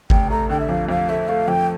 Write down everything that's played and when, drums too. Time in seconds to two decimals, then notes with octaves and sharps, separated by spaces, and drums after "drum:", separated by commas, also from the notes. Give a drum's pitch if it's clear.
0.10 F1 G5, drum: kick G1
0.30 A3 A#5
0.50 D3 G5
0.60 E5
0.69 F2 F5
0.89 F2 F5
1.09 A3 E5
1.28 A3 F5
1.48 F2 G5